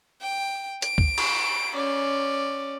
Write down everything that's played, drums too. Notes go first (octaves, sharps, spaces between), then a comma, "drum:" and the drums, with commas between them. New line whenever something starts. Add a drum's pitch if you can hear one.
G5
D7, drum: hi-hat
drum: kick
drum: cymbal
C#4 D5